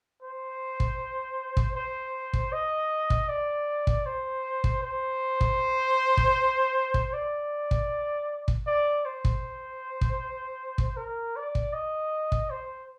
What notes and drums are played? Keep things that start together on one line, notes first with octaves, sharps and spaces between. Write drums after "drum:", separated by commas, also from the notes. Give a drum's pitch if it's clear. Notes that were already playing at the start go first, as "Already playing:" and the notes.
C5
drum: kick
drum: kick
C5
drum: kick
D#5
drum: kick
D5
drum: kick
C5
drum: kick
C5
drum: kick
drum: kick
drum: kick
D5
drum: kick
drum: kick
D5
C5
drum: kick
drum: kick
drum: kick
A#4
D5
drum: kick
D#5
drum: kick
C5